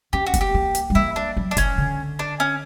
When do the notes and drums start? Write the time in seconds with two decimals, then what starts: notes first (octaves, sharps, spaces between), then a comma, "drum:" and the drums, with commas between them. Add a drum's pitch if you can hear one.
0.13 C#4 G4
0.26 F#4
0.34 B3, drum: kick, hi-hat
0.41 G4
0.54 A#3
0.75 drum: hi-hat
0.90 G3
0.95 A#3 E4
1.16 D4
1.37 F#3
1.51 D4
1.57 E3 C#4, drum: kick, hi-hat
1.78 D3
2.19 D4
2.40 C#4